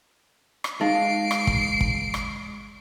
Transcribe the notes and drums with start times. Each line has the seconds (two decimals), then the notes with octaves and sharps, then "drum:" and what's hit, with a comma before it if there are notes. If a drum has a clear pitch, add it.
0.64 drum: rim click
0.81 G#3 D#4 F5 C7 D7
1.31 drum: rim click
1.47 drum: kick
1.81 drum: kick
2.14 drum: rim click